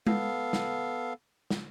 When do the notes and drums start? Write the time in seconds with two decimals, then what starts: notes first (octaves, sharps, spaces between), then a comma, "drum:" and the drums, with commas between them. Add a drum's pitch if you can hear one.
0.07 B3 A4 F5, drum: tom G#3
0.53 drum: snare
1.51 drum: snare